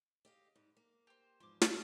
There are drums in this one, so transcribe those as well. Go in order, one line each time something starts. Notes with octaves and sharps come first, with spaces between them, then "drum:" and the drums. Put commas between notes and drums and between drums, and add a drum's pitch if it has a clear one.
G4 D#5 F5
G#2 G3
A#3
G4 C5
E2 G#2 F3 C6 D6
A4 G#5, drum: snare